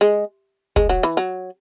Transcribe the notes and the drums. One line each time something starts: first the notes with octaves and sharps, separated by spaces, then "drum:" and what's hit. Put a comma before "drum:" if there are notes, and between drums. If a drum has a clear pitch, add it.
G#3
G#3, drum: kick
F#3
E3
F#3